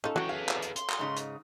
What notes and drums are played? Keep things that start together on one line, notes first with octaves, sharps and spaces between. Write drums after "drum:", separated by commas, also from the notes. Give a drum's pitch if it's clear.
C#4 D#4 F4 A4
E3 F#3 F#4 G5
G#4 B4 F5
drum: clap
drum: hi-hat
C6, drum: hi-hat
drum: clap
G#2 C#3 D#4
drum: hi-hat